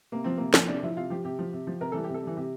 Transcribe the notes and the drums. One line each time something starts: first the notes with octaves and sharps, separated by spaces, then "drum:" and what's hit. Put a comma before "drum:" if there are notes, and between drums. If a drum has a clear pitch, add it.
C3 A#3
F3 C4
C3 A#3
F3, drum: snare
C3 D4
F3 E4
C3 F4
F3 G4
C3 G4
F3
C3
F3
C3 A#4
E3 G3 A4
G4
C3
A4
G3
E3
C3 G4